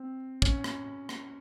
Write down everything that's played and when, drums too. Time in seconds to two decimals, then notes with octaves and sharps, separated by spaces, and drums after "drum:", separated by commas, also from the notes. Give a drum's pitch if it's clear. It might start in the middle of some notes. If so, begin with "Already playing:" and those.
Already playing: C4
0.42 C#4, drum: kick
0.64 drum: rim click
1.09 drum: rim click